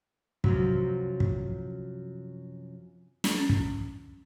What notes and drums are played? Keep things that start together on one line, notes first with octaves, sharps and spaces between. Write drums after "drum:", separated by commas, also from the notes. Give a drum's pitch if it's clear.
F#2 C3 F3 F#3, drum: kick
drum: kick
drum: snare
C#4
drum: kick